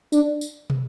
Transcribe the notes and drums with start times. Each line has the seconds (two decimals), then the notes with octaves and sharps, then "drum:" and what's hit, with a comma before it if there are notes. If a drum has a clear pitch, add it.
0.12 D4, drum: tambourine
0.41 drum: tambourine
0.70 drum: tom